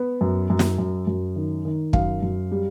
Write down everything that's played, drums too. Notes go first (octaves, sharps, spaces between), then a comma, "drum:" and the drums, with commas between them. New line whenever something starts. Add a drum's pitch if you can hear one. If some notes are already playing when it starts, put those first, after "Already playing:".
Already playing: B3
F#2
F#2
drum: snare
F#2
F#2
D#3
D#3
F#2 F5, drum: kick
F#2
G3